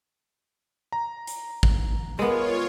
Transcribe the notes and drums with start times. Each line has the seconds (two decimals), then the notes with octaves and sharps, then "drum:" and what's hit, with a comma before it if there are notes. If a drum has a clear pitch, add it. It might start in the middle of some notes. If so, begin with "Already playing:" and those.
0.92 A#5
1.27 drum: hi-hat
1.63 drum: kick G#1
2.19 G#3 B3 F4 A#4 C#5